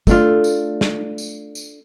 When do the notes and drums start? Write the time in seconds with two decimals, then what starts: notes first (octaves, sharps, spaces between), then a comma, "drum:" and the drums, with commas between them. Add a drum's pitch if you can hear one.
0.07 A3 D4 F4, drum: kick, tambourine
0.44 drum: tambourine
0.81 drum: snare
1.18 drum: tambourine
1.55 drum: tambourine